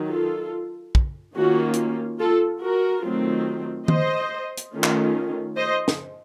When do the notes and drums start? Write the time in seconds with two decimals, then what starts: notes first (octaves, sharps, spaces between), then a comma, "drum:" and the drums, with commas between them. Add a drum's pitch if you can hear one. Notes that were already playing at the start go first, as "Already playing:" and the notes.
Already playing: D#3 F#3
0.09 F4 A4
0.95 drum: kick
1.35 D#3 A#3 C#4 F4 F#4
1.73 drum: hi-hat
2.19 F4 A4
2.62 F#4 A#4
3.04 D#3 F#3 A3 C4 F4
3.88 C5 D#5, drum: tom D#3
4.57 drum: hi-hat
4.72 D#3 A3 C#4 F4
4.84 drum: clap
5.56 C5 D#5
5.88 drum: snare